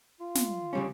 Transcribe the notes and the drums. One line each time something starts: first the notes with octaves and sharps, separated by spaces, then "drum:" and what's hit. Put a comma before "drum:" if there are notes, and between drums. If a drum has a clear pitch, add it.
F4
drum: snare
C#3 G3 C#4